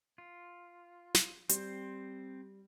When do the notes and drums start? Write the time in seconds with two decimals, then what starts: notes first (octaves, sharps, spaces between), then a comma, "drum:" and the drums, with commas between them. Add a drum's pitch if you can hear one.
0.18 F4
1.14 drum: snare
1.49 G3 C4 C5, drum: hi-hat